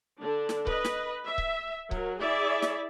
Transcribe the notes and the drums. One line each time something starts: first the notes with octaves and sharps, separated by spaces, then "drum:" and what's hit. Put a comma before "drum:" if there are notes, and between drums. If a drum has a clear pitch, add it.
D3 D4
drum: snare
B4 D#5, drum: kick C#1
drum: snare
E5
drum: kick C#1
F#3 A#4, drum: kick C#1
E4 G#4 D5 E5
drum: snare